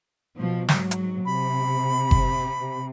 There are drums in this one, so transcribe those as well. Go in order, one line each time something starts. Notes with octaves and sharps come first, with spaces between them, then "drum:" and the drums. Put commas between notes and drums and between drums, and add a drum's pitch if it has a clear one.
B2 F3
G#2 F#3, drum: snare
drum: hi-hat
C3 B5
drum: kick F#1